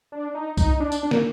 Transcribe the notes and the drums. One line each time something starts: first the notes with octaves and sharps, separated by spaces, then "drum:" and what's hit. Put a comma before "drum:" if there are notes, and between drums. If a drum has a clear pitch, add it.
D4
D#4
D#4, drum: kick C2, tambourine
D4
drum: tambourine
D4
A#3, drum: snare